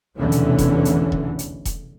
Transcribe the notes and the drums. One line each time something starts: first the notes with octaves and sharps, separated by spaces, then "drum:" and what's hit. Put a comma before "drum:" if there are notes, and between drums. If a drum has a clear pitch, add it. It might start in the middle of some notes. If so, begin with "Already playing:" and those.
F1 B1 E2 D3 E3 C#4
drum: hi-hat
drum: kick E1, hi-hat
drum: hi-hat
drum: kick E1
drum: hi-hat
drum: kick E1, hi-hat